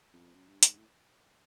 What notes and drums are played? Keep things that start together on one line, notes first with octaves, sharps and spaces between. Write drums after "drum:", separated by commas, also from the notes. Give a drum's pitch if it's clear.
F2
F#2
G2
G#2, drum: hi-hat
A2